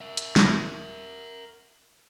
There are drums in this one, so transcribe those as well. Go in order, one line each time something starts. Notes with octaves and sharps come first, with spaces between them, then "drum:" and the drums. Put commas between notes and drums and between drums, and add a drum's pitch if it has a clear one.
A#4 E5
drum: hi-hat
drum: snare